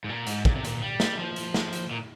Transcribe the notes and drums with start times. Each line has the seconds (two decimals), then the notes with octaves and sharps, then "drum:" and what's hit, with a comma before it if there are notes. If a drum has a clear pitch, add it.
0.04 G#2
0.09 A#2
0.27 G#2, drum: hi-hat
0.45 A#2, drum: kick
0.55 C3
0.65 A#2, drum: hi-hat
0.82 G3
1.00 drum: snare
1.19 F3
1.36 drum: hi-hat
1.54 drum: snare
1.73 drum: hi-hat
1.91 A#2